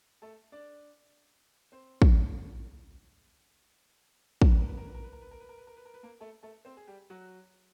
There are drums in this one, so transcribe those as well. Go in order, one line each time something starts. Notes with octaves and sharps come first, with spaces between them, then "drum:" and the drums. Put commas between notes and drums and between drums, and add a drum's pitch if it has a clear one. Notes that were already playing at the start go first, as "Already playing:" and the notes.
A3 A4
D4 D5
C4 C5
drum: kick
A#4, drum: kick
B4
A#4
B4
A#4
B4
A#4
B4
A#4
B4
A#4
B4
A#4
B4
A#4
B4
A#4
B4
A#3 A#4
A3 A4
A3 A4
C4 C5
G#4
G3 G4
F#3 F#4